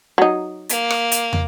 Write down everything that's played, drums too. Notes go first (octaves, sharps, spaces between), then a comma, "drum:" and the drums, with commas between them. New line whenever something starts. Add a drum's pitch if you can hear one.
F#3 D#4
A#3, drum: hi-hat
drum: rim click
drum: hi-hat
drum: tom